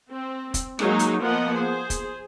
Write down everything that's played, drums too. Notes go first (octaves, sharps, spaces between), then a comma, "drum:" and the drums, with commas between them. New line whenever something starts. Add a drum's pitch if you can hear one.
C4
drum: kick, hi-hat
F#3 G#3 A#3 D#4 G#4, drum: rim click
drum: hi-hat
F3 A#3 B3 A#4 D#5 F#5
G#4 C5
drum: kick, hi-hat